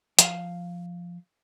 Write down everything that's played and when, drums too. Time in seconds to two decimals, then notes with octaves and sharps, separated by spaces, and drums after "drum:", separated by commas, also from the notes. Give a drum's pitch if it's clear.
0.19 F3 F5, drum: hi-hat